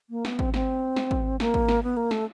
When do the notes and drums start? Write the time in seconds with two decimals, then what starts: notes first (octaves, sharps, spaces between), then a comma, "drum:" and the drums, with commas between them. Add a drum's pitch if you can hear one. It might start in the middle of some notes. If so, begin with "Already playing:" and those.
0.10 A#3
0.25 B3, drum: snare
0.39 C4, drum: kick
0.54 C4, drum: snare
0.96 drum: snare
1.11 drum: kick
1.40 A#3, drum: snare
1.54 drum: kick
1.68 drum: snare
1.83 B3
1.97 A#3
2.11 A3, drum: snare